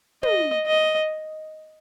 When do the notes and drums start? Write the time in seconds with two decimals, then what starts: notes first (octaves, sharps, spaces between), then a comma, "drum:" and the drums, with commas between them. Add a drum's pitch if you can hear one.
0.23 D#5, drum: tom
0.67 D#5